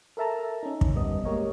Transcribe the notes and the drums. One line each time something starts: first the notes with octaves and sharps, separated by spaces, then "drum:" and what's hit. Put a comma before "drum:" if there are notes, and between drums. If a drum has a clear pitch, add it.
A4 A#4 E5 A5 A#5
C#4 D#4
drum: kick
G1 G3 B3 D#5
G#3 A#3 G4 A#4 C#5 D#5